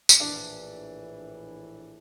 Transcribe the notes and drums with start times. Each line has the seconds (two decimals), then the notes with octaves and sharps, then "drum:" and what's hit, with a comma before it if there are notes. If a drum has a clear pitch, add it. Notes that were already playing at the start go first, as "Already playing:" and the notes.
0.09 drum: tambourine
0.20 A#1 A2 E3 D4